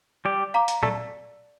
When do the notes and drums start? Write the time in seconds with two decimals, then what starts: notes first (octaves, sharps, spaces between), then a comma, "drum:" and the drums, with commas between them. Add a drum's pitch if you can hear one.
0.25 G3 G4 D5
0.54 F5 A#5 D6
0.68 drum: hi-hat
0.83 A3 A4 D5, drum: tom